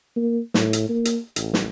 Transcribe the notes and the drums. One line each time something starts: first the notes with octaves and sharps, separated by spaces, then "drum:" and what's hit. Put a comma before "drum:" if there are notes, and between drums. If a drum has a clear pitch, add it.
A#3
A2, drum: snare
drum: hi-hat
A#3
drum: hi-hat
A1, drum: hi-hat
drum: snare